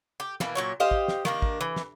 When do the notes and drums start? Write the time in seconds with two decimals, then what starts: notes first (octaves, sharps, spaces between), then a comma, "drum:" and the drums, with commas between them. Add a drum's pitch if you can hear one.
0.20 G4
0.40 B2 E3 A#3, drum: snare
0.55 A#2 F#3 C#5
0.80 G4 C5 D#5 F5
0.91 drum: kick
1.08 drum: snare
1.25 D#3 A#3 D4, drum: snare
1.42 drum: kick
1.61 E3
1.76 drum: snare